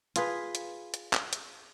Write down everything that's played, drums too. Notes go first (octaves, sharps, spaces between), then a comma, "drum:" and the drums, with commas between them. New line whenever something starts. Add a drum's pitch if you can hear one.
F4 G#4 B4, drum: hi-hat
drum: hi-hat
drum: hi-hat
drum: clap
drum: hi-hat